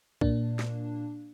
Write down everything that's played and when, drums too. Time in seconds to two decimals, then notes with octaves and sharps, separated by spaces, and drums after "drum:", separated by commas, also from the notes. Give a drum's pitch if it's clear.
0.21 A#2 A#3 D4, drum: kick B1
0.59 drum: snare